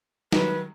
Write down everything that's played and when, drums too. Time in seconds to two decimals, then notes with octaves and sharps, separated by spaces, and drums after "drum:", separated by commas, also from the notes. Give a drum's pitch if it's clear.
0.32 D#3 F#3 B4, drum: snare